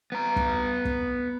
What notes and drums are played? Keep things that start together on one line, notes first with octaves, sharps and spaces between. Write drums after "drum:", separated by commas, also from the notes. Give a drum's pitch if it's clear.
B3 A#5
drum: kick
drum: kick